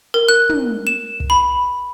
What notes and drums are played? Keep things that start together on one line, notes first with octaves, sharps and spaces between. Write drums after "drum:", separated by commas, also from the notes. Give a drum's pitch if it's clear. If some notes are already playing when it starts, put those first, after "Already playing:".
A#4
F#6
drum: tom
E7
drum: kick
B5